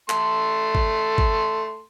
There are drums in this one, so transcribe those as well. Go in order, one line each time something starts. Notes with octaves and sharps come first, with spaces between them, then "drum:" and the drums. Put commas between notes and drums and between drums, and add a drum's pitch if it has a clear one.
A3 A4 C6, drum: clap
drum: kick
drum: kick